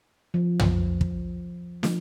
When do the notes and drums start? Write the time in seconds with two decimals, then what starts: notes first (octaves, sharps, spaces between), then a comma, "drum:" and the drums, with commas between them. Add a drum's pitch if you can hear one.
0.34 F3
0.59 drum: tom
1.01 drum: kick
1.83 F3, drum: snare